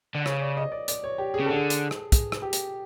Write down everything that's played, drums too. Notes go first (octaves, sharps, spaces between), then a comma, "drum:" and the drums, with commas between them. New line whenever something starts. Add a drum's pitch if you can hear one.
D3
C#3 C#5, drum: rim click
D5
D#5
D5
D5, drum: hi-hat
C#5
G4
G#4
C#3
D3 A4
G#4
drum: hi-hat
drum: rim click
G#4, drum: kick, hi-hat
drum: rim click
G4
drum: hi-hat